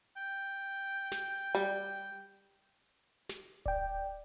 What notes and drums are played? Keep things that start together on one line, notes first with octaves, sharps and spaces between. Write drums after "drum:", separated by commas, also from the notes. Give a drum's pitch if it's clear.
G5
drum: snare
G3
drum: snare
D5 G5, drum: kick D1